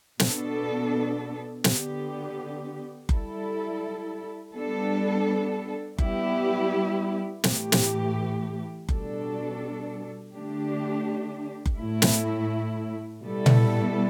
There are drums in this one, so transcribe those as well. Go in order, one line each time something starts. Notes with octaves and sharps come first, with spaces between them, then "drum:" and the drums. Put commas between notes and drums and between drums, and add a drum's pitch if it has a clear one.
B2 B3 D4 A4, drum: snare
D3 B3 G4, drum: snare
G3 E4 A4, drum: kick F#1
G3 B3 D4 A4
G3 B3 E4 G4, drum: kick F#1
A2 E3 A3 G4, drum: snare
drum: snare
B2 G3 D4 A4, drum: kick F#1
D3 A3 D4 G4
drum: kick F#1
A2 A3 E4
drum: snare
B2 G3 B3 E4 A4
drum: tom A#2